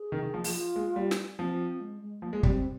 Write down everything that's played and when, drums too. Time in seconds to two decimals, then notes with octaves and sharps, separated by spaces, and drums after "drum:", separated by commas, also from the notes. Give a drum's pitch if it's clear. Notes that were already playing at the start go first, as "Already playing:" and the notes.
Already playing: G#4
0.12 D#3
0.23 D#3
0.34 F3
0.44 F3, drum: open hi-hat
0.54 F4
0.76 G#3
0.96 G3
1.11 drum: snare
1.39 F3 C4
1.80 G#3
2.01 G#3
2.22 F3 A#3
2.33 G#3
2.43 G3 C4, drum: kick